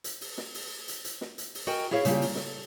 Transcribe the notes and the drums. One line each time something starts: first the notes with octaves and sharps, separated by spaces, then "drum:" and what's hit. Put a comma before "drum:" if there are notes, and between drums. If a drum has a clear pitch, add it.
drum: hi-hat
drum: open hi-hat
drum: snare
drum: open hi-hat
drum: hi-hat
drum: hi-hat
drum: snare
drum: hi-hat
drum: open hi-hat
F#4 A#4 D#5 G5 G#5
E4 F#4 G#4 C#5 F5
C#3 G3 A#3 F4 G4, drum: hi-hat
drum: open hi-hat
A4, drum: snare